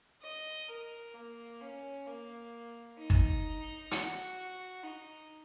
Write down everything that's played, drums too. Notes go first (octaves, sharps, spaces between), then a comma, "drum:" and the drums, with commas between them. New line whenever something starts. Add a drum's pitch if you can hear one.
D#5
A#4
A#3
C#4
A#3
D#4
drum: kick
F#4, drum: hi-hat
D#4